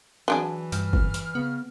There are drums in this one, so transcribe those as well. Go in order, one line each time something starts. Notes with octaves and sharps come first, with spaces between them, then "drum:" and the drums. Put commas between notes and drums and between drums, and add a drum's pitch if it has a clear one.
E3 F#3 D4 G#4
G2 F6, drum: hi-hat
drum: kick F#1
drum: hi-hat
C#3 B3